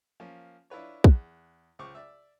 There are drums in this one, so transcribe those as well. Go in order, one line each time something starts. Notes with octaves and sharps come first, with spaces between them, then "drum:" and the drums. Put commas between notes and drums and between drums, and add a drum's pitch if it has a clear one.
F3 A#3 C#4
D4 E4 F4 B4 C#5
E2 F#6, drum: kick
C#2 C5 C#6 D6
D5 E5